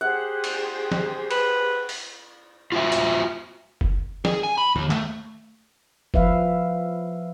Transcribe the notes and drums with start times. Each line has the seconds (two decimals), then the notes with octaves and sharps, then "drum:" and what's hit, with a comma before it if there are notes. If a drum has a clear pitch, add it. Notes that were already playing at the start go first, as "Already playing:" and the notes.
0.01 G4 G#4 C5 F#5
0.44 drum: cymbal
0.92 drum: snare
1.31 B4, drum: cymbal
1.89 drum: open hi-hat
2.72 F4 F#4 C5 E5
2.92 drum: hi-hat
3.81 drum: kick F#1
4.25 G#4, drum: snare
4.43 G#5
4.58 B5
4.76 D#2, drum: tom
4.91 A3, drum: clap
6.14 F3 B4 E5 F5, drum: kick F#1